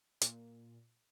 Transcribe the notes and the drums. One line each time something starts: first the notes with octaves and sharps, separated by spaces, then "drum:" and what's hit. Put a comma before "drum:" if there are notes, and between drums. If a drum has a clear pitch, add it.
A#2, drum: hi-hat